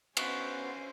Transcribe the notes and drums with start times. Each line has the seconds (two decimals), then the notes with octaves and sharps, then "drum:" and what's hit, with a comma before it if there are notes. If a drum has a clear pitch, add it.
0.17 B3 C#4 F#4 C5, drum: cymbal